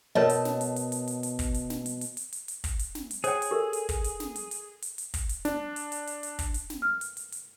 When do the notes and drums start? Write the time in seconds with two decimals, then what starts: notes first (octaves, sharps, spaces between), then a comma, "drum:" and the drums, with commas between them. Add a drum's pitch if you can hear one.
0.15 B2 A#4 C#5 D#5 A5
0.29 drum: hi-hat
0.45 drum: snare
0.61 drum: hi-hat
0.76 drum: hi-hat
0.92 drum: hi-hat
1.08 drum: hi-hat
1.23 drum: hi-hat
1.39 drum: kick, hi-hat
1.54 drum: hi-hat
1.70 drum: snare
1.86 drum: hi-hat
2.01 drum: hi-hat
2.17 drum: hi-hat
2.33 drum: hi-hat
2.48 drum: hi-hat
2.64 drum: kick, hi-hat
2.79 drum: hi-hat
2.95 drum: snare
3.11 drum: hi-hat
3.24 G#4 C5 C#5 G5, drum: hi-hat
3.42 drum: hi-hat
3.51 G4 A4 A#4
3.73 drum: hi-hat
3.89 drum: kick, hi-hat
4.04 drum: hi-hat
4.20 drum: snare
4.36 drum: hi-hat
4.51 drum: hi-hat
4.82 drum: hi-hat
4.98 drum: hi-hat
5.14 drum: kick, hi-hat
5.29 drum: hi-hat
5.45 D4, drum: snare
5.76 drum: hi-hat
5.92 drum: hi-hat
6.07 drum: hi-hat
6.23 drum: hi-hat
6.39 drum: kick, hi-hat
6.54 drum: hi-hat
6.70 drum: snare
6.82 F6
7.01 drum: hi-hat
7.17 drum: hi-hat
7.32 drum: hi-hat